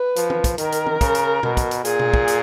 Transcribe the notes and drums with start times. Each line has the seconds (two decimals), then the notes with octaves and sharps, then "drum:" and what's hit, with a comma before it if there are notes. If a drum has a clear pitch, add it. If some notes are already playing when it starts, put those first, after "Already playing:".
Already playing: B4
0.16 F3, drum: hi-hat
0.30 drum: tom
0.44 drum: kick, hi-hat
0.58 D#3 A#4, drum: hi-hat
0.72 drum: hi-hat
0.86 drum: tom
1.01 C#3, drum: kick, hi-hat
1.15 drum: hi-hat
1.43 B2, drum: tom B2
1.57 drum: kick, hi-hat
1.71 drum: hi-hat
1.85 A#2 G#4, drum: hi-hat
1.99 drum: tom B2
2.14 drum: kick
2.28 drum: hi-hat